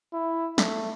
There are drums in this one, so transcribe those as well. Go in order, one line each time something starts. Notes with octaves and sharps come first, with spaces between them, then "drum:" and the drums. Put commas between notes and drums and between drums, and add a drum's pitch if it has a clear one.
E4
A3, drum: snare